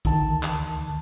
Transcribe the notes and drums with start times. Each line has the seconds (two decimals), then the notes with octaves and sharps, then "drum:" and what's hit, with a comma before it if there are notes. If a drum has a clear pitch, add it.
0.05 D2 D#3 A5, drum: kick A1
0.43 drum: clap